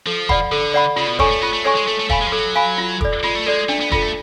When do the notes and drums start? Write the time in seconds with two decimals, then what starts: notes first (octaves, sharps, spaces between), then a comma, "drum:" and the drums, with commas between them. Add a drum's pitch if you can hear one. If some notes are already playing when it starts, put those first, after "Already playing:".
0.06 F3 A4
0.29 D5 F#5 B5, drum: kick
0.52 D3 A4
0.74 D5 F#5 B5
0.96 C#3 F4
1.08 B2
1.19 C#3 A4 C#5 G#5 C#6, drum: kick
1.31 A3
1.42 B3 F4
1.53 A3
1.64 G#3 A4 C#5 G#5 C#6
1.76 G#3
1.87 A3 A4
1.99 A3
2.10 A3 F5 G#5 B5, drum: kick
2.21 G#3
2.27 F3
2.32 F#3 A4
2.55 F5 G#5 B5
2.78 F4
3.01 A4 D5, drum: kick
3.24 G#3 F4
3.35 A3
3.46 G#3 A4 D5
3.69 A3 D4
3.81 B3
3.92 B3 F4 A4, drum: kick
4.02 A3